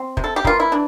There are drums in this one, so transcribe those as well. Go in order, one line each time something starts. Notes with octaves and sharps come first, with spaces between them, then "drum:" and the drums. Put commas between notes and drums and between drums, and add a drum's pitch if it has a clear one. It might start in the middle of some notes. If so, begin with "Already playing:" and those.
Already playing: C4
C3, drum: kick F1
A4
G4
E3 A#3 F4, drum: kick F1
E4
E3 D4